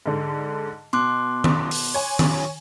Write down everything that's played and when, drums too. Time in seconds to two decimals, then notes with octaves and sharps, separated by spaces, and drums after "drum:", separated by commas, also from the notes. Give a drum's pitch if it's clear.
0.06 G#2 D3
0.93 B2 C6 D6 F#6
1.44 drum: tom D#3
1.71 drum: open hi-hat
1.94 C#5 G#5
2.19 drum: tom D#3